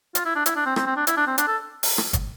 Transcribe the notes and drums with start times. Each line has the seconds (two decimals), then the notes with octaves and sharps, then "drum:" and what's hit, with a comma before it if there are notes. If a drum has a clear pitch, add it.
0.15 F4, drum: hi-hat
0.25 E4
0.35 D4
0.46 E4, drum: hi-hat
0.56 D4
0.66 C4
0.76 C4, drum: rim click
0.86 C4
0.96 D4
1.07 E4, drum: hi-hat
1.17 D4
1.27 C4
1.38 D4, drum: hi-hat
1.47 A4
1.83 drum: open hi-hat
1.98 drum: rim click
2.13 drum: kick G1, hi-hat